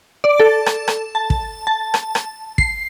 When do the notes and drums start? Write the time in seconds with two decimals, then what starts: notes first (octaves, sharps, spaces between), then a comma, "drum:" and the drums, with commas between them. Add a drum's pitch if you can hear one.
0.24 D5
0.40 A4
0.66 drum: rim click
0.88 drum: rim click
1.15 A5
1.30 drum: kick
1.67 A5
1.94 drum: rim click
2.15 drum: rim click
2.58 C7, drum: kick